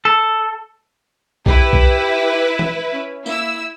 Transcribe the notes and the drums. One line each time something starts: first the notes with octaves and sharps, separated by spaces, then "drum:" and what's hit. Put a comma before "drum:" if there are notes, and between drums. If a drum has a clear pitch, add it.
A4
E4 G4 B4, drum: kick B1
drum: kick B1
drum: tom E3
C#4
A#3 E4 E6, drum: tambourine